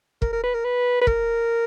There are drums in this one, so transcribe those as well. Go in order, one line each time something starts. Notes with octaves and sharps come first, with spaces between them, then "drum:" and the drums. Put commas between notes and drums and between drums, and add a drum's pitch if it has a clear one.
A#4, drum: kick
A#4
B4
A#4
B4
B4
A#4, drum: kick